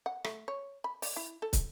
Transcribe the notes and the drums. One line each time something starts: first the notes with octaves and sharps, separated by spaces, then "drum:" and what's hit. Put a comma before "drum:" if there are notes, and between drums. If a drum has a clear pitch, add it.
F#5
A3, drum: rim click
C#5
B5
D5, drum: open hi-hat
E4
A4
drum: kick, hi-hat